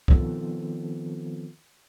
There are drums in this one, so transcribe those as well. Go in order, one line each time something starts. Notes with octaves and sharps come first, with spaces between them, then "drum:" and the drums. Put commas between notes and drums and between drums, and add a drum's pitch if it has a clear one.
D#3 F3 B3 C4 F4 A4, drum: kick